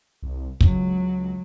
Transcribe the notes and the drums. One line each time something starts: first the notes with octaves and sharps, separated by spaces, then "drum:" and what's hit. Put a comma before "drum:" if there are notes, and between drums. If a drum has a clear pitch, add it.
C2
C#2 F#3, drum: kick